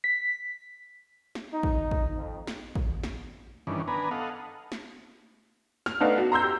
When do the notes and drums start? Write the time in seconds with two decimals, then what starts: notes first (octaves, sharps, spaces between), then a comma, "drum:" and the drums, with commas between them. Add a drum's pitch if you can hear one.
0.04 B6
1.35 drum: snare
1.52 D#4
1.63 drum: kick
1.91 drum: kick
2.15 F2
2.47 drum: snare
2.75 drum: kick
3.03 drum: snare
3.67 G2 D#3 E3 C#4 D4
3.88 B3 D4 B4 G#5 A#5
4.11 A4 D#5 F5 F#5
4.72 drum: snare
5.86 F6, drum: snare
6.00 A3 B3 D4 D#4 F5 F#5
6.18 F#4
6.32 A#5 C6 E6 G6
6.44 G4